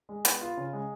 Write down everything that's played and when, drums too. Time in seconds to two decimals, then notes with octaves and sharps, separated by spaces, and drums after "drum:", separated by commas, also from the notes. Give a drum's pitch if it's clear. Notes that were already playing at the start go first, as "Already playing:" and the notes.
0.09 G#3
0.25 B3, drum: hi-hat
0.41 F4
0.57 C#3
0.73 G#3